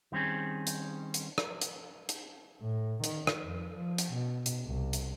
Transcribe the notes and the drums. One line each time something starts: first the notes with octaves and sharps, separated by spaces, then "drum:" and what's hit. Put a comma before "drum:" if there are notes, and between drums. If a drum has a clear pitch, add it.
D#3 G3 C4 C#4 G#4
drum: hi-hat
drum: hi-hat
drum: rim click
drum: hi-hat
drum: hi-hat
A2
D#3, drum: hi-hat
drum: rim click
F2
F3
drum: hi-hat
B2
drum: hi-hat
C2
drum: hi-hat